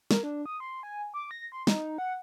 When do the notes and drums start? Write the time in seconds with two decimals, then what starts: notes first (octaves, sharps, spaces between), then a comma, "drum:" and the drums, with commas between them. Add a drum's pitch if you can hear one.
0.11 A#4, drum: snare
0.23 D4
0.46 D#6
0.60 C6
0.83 G#5
1.14 D6
1.31 A#6
1.52 C6
1.67 D#4, drum: snare
1.98 F#5